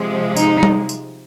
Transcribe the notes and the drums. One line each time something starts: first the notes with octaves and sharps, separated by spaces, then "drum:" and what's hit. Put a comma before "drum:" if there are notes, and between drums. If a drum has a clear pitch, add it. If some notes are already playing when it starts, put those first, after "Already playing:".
Already playing: C3 F3 G#3
D#4, drum: tambourine
drum: tom G3
drum: tambourine